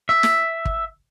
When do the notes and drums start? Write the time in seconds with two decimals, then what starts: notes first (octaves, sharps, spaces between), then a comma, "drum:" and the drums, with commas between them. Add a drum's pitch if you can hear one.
0.09 E5
0.23 drum: snare
0.65 drum: kick